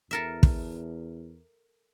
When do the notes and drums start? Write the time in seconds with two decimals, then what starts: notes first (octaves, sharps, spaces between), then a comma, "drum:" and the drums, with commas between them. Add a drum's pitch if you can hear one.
0.11 E2 A4 A#4 E5
0.43 drum: kick